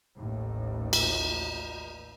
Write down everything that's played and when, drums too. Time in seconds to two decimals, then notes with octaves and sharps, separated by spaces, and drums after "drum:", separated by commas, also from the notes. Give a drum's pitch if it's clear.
0.17 A1 D#2 A2
0.93 drum: cymbal